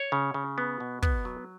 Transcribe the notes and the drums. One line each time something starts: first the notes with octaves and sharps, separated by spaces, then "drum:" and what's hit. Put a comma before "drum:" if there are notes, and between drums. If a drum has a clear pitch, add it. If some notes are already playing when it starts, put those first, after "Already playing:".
Already playing: C#5
C#3
C#3
B3
B2
B3, drum: kick
F#3